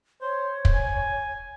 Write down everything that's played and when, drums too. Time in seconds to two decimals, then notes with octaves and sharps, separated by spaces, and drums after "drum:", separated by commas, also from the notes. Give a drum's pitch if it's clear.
0.21 C5 C#5
0.65 drum: kick
0.74 G#5